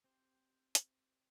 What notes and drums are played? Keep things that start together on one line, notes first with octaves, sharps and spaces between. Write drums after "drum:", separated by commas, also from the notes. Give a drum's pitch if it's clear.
C4 G4 C5
drum: hi-hat